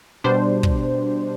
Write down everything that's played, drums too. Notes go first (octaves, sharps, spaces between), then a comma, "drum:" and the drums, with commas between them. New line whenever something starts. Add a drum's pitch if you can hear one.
B2 G3 D4 C5
drum: kick